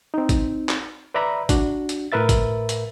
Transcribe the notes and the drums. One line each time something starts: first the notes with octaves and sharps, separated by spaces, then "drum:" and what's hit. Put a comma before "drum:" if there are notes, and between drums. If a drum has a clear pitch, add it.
C4 D#4
drum: kick G#1, hi-hat
drum: clap
B4 D5 E5 A#5 B5
D4 F#4, drum: kick G#1, hi-hat
drum: hi-hat
A2 A#4 B4 E5 A6
drum: kick G#1, hi-hat
drum: hi-hat